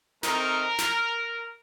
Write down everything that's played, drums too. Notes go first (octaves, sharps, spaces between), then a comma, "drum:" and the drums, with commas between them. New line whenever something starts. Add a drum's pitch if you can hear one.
A3 C4 D#4 A#4, drum: snare
drum: snare